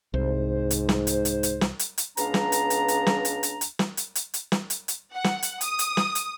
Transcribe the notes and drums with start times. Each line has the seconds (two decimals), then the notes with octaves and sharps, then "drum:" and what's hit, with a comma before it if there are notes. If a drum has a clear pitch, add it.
0.14 C2 G#2 C5
0.71 drum: hi-hat
0.89 drum: snare
1.07 drum: hi-hat
1.25 drum: hi-hat
1.43 drum: hi-hat
1.61 drum: snare
1.79 drum: hi-hat
1.98 drum: hi-hat
2.17 C#2 B3 D4 F5 A#5, drum: hi-hat
2.34 drum: snare
2.52 drum: hi-hat
2.70 drum: hi-hat
2.88 drum: hi-hat
3.07 drum: snare
3.25 drum: hi-hat
3.43 drum: hi-hat
3.61 drum: hi-hat
3.79 drum: snare
3.97 drum: hi-hat
4.15 drum: hi-hat
4.34 drum: hi-hat
4.52 drum: snare
4.70 drum: hi-hat
4.88 drum: hi-hat
5.13 F#5
5.24 drum: snare
5.43 drum: hi-hat
5.61 D#6, drum: hi-hat
5.79 drum: hi-hat
5.97 drum: snare
6.15 drum: hi-hat